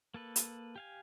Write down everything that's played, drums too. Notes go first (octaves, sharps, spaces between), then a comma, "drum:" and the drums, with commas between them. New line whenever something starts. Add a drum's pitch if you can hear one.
A#3 A4 B4
drum: hi-hat
G4 F5 G#5